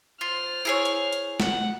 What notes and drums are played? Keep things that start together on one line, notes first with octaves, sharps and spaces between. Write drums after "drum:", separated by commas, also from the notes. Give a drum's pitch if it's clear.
F4 C5 F6
E4 G#4 C#5
drum: hi-hat
drum: hi-hat
F#5, drum: snare